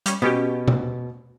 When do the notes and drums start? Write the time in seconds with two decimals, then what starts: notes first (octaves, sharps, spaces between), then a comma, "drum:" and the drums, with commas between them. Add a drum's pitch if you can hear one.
0.06 G3 C#4, drum: hi-hat
0.22 B2 B3 C#4 G4
0.68 drum: tom B2